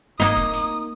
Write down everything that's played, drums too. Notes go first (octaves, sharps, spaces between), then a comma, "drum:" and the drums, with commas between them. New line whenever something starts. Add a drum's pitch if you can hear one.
A#3 D#4 D#6, drum: snare
drum: kick F1
drum: hi-hat